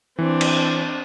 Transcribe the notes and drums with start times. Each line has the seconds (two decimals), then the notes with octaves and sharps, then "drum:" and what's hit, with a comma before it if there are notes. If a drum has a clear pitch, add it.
0.19 E3 C4 D4
0.41 drum: cymbal